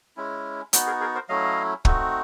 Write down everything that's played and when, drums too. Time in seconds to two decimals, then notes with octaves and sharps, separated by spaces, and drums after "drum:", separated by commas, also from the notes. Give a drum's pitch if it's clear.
0.17 G#3 C#4 E4
0.73 B3 D#4 F#4, drum: hi-hat
0.86 G#4 A#4
1.01 G#4 A#4
1.15 A#4 C5
1.29 F#3 A3 C#4 E4 D#5 F5
1.85 A3 C4 D#4 F#4, drum: kick